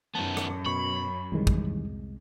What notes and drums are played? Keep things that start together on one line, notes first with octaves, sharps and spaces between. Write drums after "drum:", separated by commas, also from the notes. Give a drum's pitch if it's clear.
F#2 D#3 B3 A5
drum: rim click
B2 B5 C#6
C2 D#3 E3 G3 G#3
drum: kick